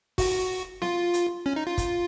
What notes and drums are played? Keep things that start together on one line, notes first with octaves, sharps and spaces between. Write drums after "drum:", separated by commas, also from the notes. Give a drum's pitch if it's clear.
F#4, drum: kick, open hi-hat
F4, drum: snare
drum: hi-hat
C#4
D#4
F4
drum: kick, hi-hat